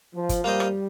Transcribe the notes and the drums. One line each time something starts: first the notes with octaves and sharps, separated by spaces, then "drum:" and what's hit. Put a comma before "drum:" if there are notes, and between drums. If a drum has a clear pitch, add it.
F3
drum: kick G1, hi-hat
G3 A#3 F4 C5 D#5
drum: rim click